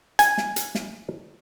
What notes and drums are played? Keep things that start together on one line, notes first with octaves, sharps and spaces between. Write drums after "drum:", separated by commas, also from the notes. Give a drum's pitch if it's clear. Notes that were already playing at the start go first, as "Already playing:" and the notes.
G#5, drum: hi-hat
drum: snare
drum: hi-hat
drum: snare